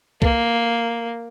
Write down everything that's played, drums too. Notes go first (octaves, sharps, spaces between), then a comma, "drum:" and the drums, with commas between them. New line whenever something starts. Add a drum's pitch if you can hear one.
A#3, drum: kick C2